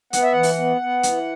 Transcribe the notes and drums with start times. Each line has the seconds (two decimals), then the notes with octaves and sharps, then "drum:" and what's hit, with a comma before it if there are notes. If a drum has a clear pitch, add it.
0.13 B3 F#5, drum: hi-hat
0.23 E5
0.32 E3 F#5
0.43 drum: open hi-hat
0.58 B3
0.81 B3
1.03 E3, drum: hi-hat